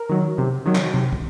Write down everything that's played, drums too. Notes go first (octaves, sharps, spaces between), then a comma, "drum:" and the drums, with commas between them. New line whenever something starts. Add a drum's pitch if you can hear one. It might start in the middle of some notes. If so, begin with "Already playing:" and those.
Already playing: A#4
D#3 F#3
C3
D#3 F#3
drum: clap
C3
drum: kick